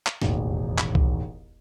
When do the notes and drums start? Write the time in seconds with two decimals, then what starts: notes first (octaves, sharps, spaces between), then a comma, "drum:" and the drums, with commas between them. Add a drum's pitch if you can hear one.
0.06 drum: clap
0.22 E1 A1 D#2, drum: snare
0.78 drum: clap
0.95 drum: kick C2